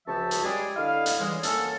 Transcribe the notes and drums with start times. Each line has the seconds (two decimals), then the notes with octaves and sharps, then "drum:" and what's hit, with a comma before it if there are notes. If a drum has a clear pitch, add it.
0.08 C#2 F3 F#4 E5 A5
0.31 drum: hi-hat
0.43 G3 G#3 G4 G#4
0.76 D3 E4 D#5 F5
1.06 drum: hi-hat
1.20 C#3 E3 G3 G#3
1.43 F#2 A#3 C#4 A4, drum: hi-hat